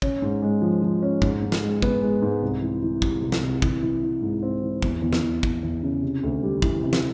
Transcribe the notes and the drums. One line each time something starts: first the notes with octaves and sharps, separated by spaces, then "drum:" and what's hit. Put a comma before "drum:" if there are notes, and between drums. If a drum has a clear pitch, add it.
C#4, drum: kick
G#2
G#3
F3
F3
C#4
G#2, drum: kick
G#2
drum: snare
G#3
B3, drum: kick
G#3
G#2
C2
E3
E3
C3, drum: kick
C2
drum: snare
C2
E3, drum: kick
E3
E3
G#2
C4
E3
E2, drum: kick
E2
drum: snare
E2
E2, drum: kick
E2
C#3
C3
D2
G3
E3, drum: kick
C3
drum: snare